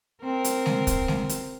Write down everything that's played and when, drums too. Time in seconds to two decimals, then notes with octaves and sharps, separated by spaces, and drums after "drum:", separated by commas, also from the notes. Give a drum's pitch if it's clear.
0.23 C4 A#4
0.44 drum: hi-hat
0.66 drum: snare G#3
0.87 drum: kick, hi-hat
1.08 drum: snare G#3
1.29 drum: hi-hat